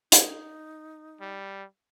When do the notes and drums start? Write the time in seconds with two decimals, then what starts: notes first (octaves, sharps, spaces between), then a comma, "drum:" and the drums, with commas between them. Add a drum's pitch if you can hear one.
0.12 D#4, drum: hi-hat
1.21 G3